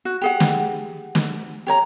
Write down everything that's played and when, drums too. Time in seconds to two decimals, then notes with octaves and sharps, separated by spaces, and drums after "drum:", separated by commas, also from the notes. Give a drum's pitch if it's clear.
0.05 F#4
0.22 G4 G#4 F#5
0.40 drum: snare
1.15 drum: snare
1.67 G4 C#5 A#5